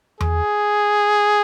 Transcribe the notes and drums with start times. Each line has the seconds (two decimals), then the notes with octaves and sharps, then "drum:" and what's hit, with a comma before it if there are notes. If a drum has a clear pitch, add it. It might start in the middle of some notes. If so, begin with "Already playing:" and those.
0.20 G#4, drum: tom E2